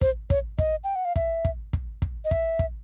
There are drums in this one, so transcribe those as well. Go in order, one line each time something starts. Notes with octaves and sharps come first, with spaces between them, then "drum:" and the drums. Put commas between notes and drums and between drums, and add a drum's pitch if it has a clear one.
C5, drum: kick
C#5, drum: kick
D#5, drum: kick
G5
F#5
F5
E5, drum: kick
drum: kick
drum: kick
drum: kick
D#5
E5, drum: kick
drum: kick